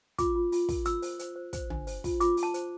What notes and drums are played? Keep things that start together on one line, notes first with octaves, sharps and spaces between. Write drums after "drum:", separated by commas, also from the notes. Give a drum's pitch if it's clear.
F4 D6, drum: kick, hi-hat
F4
F4, drum: open hi-hat
A#4, drum: kick, open hi-hat
F4 E6, drum: hi-hat
C5, drum: open hi-hat
C5, drum: hi-hat
C5
C5, drum: kick, hi-hat
D4, drum: tom
C5, drum: open hi-hat
F4, drum: kick, open hi-hat
F4 D6, drum: hi-hat
F4, drum: open hi-hat
A5
C5, drum: hi-hat